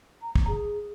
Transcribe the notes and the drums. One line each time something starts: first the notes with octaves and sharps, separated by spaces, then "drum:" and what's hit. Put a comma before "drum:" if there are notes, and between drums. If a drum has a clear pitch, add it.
A#5
drum: kick
G#4